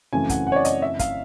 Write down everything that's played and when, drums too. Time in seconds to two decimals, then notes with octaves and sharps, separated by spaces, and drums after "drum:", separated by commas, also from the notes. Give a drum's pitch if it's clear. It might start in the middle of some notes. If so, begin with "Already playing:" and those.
0.13 F#2 C#3 E3 A3 C4 G#5
0.29 F#5, drum: kick, hi-hat
0.47 F#5
0.52 C#5
0.56 D5
0.65 D#5, drum: hi-hat
0.82 E5
0.99 F5, drum: kick, hi-hat